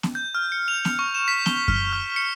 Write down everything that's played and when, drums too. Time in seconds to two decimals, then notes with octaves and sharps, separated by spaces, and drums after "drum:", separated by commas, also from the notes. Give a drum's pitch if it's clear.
0.03 drum: snare B3
0.15 G6
0.35 F6
0.52 C#7
0.68 F7
0.85 F7, drum: snare B3
0.99 C#6
1.15 E7
1.28 B6
1.46 G7, drum: snare B3
1.68 F6, drum: kick F#2
1.93 F6
2.16 C#7